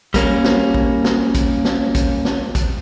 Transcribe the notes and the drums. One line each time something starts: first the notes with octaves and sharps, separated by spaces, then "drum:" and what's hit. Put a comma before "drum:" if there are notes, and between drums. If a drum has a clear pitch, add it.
G3 A#3 C#4, drum: kick, hi-hat
drum: snare
drum: kick
drum: snare
drum: kick, hi-hat
drum: snare
drum: kick, hi-hat
drum: snare
drum: kick, hi-hat